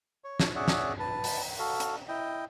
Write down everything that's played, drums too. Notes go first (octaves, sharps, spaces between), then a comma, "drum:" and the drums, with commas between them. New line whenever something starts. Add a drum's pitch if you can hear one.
C#5
drum: snare
G#4 C#5 D5 E5 F#5
drum: snare
B4 A5
drum: open hi-hat
F#4 A4 F5
drum: hi-hat
E4 D#5 G5